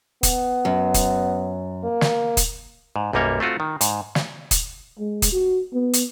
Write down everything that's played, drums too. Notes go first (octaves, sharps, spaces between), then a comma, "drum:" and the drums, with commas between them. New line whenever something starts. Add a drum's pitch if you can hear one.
B3, drum: kick, hi-hat
F#2
drum: kick, hi-hat
A#3
drum: snare
drum: kick, hi-hat
G#2
B1 F#2 G3 A#3 C#5
A3 C4 F4 F#4
D#3
G#2, drum: hi-hat
drum: snare
drum: kick, hi-hat
G#3
drum: kick, hi-hat
F#4
B3
drum: hi-hat